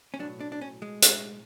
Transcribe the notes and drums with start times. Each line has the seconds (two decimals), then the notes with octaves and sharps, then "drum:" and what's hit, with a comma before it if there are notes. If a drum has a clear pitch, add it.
0.14 C#4
0.19 B1 A2 F#3 D4
0.41 D4
0.52 D4
0.61 C#4
0.82 G#3
1.02 drum: hi-hat